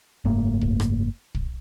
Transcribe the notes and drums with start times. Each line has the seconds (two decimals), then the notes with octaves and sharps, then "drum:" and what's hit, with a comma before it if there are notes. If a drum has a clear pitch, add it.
0.25 F#1 G#2 A3 A#3
0.61 drum: kick
0.80 drum: rim click
1.35 drum: kick